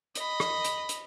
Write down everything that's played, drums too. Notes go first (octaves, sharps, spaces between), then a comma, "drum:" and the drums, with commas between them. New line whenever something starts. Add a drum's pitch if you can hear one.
D#5 B5, drum: hi-hat
drum: rim click
drum: hi-hat
drum: hi-hat